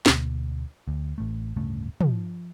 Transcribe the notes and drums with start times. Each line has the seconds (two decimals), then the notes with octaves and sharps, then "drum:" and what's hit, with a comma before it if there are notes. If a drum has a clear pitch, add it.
0.06 D2 B2 D3 A#3, drum: snare
0.88 D2
1.18 A1 A3
1.56 D1 G2 C#3 A3
2.01 F3, drum: tom